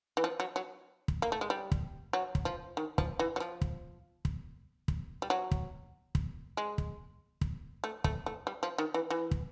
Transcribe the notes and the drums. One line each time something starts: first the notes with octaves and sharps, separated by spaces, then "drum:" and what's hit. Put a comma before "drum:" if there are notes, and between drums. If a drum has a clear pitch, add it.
E3
F3
F#3
F#3
drum: kick
A#3
A3
G#3
G3
drum: kick
F#3
drum: kick
F3
D#3
F3, drum: kick
E3
F#3
F3
drum: kick
drum: kick
drum: kick
G3
F#3
drum: kick
drum: kick
G#3
drum: kick
drum: kick
A3
A3, drum: kick
A3
G3
F3
D#3
E3
E3
drum: kick